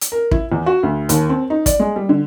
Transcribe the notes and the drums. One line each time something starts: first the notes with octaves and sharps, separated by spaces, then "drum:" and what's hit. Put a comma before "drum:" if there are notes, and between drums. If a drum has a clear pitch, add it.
drum: hi-hat
A#4
E4, drum: kick
E2
F#4
D2
D#2, drum: hi-hat
C4
D#4
D5, drum: kick, hi-hat
G#3
G3
D3